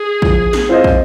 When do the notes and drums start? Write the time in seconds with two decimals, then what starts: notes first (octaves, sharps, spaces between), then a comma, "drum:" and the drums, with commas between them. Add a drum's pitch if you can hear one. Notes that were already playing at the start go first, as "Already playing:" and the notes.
Already playing: G#4
0.22 F3, drum: kick
0.53 drum: snare
0.69 C4 F4 C5 D#5
0.84 drum: kick